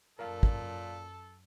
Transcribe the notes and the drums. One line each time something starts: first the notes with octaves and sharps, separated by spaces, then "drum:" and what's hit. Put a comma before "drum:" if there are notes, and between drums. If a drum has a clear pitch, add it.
F#2 A#2 A4 A#4 F5 A5
drum: kick